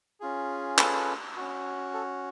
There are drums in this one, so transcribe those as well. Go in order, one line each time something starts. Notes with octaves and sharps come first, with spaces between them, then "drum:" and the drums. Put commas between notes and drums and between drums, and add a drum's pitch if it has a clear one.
C#4 F4 G#4
A4 B4, drum: clap
C#4 F#4
A4